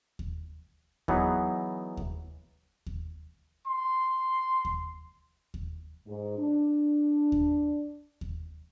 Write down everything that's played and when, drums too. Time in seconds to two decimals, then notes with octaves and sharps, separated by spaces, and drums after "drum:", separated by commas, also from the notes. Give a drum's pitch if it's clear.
0.19 drum: kick D#2
1.08 E3 F#3 B3 D#4 G#4, drum: kick D#2
1.97 drum: kick D#2
2.86 drum: kick D#2
3.67 C6
4.65 drum: kick D#2
5.54 drum: kick D#2
6.06 G#2
6.38 D4
7.32 drum: kick D#2
8.21 drum: kick D#2